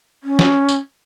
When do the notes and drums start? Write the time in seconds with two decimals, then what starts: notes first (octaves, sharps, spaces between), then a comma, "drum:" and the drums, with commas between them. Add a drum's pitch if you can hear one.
0.24 C#4
0.39 drum: snare
0.69 drum: tambourine